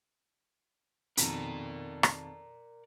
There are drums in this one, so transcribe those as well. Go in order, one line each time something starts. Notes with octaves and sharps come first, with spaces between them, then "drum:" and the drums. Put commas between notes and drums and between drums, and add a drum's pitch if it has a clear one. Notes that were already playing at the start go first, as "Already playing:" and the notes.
F2 B2 D#3 A#4 D5 A#5, drum: hi-hat
drum: rim click